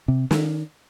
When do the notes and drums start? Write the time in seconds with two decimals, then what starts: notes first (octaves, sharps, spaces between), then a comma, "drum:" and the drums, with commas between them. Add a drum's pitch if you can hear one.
0.08 C3
0.31 D#3, drum: snare